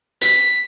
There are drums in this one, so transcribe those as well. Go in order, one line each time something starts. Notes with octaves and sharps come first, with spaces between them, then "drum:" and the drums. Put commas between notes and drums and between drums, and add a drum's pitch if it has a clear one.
B6, drum: hi-hat